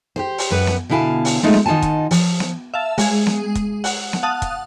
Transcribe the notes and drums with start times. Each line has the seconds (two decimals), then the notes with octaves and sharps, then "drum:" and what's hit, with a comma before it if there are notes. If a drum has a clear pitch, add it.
0.16 G4 G#4 C5
0.38 drum: open hi-hat
0.50 F#2 B4 F#5
0.67 drum: snare B3
0.90 B2 D3 E4 F5 G#5 A5
1.25 drum: open hi-hat
1.43 G#3 A3 D#4 F4
1.54 drum: snare B3
1.66 D#3 D#4 F4 F#5 G#5 A5
1.82 drum: kick, hi-hat
2.11 F3, drum: open hi-hat
2.40 drum: snare B3
2.74 E5 F5 A5
2.98 G#3 G#4, drum: open hi-hat
3.27 drum: snare B3
3.55 drum: kick, hi-hat
3.84 F#5, drum: open hi-hat
4.13 drum: snare B3
4.23 F5 F#5 A5 D#6 F#6
4.42 drum: kick, hi-hat